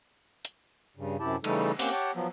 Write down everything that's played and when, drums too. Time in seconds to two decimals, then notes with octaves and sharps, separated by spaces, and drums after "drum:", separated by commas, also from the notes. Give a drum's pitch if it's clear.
0.45 drum: hi-hat
0.97 G2 C#3
1.20 F#2 C3 E4 G4 A5
1.44 C#3 E3 G3 A3 D#4 A4, drum: cymbal
1.79 A#3 C4 C#4 G4 C5 F#5, drum: open hi-hat
1.91 G4 C#5 F#5 G5 A5
2.15 F3 F#3 B3